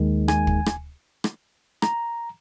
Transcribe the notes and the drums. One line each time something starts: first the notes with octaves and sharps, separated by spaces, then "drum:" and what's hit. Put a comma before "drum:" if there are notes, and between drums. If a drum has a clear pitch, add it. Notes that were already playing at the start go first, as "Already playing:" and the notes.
Already playing: D#2 D#3 G#3
G#5, drum: rim click
drum: kick
drum: rim click
drum: rim click
A#5, drum: rim click